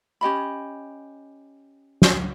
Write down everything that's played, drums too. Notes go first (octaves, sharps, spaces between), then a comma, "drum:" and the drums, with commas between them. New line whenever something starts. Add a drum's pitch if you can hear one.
C#4 G4 D#5 B5
drum: snare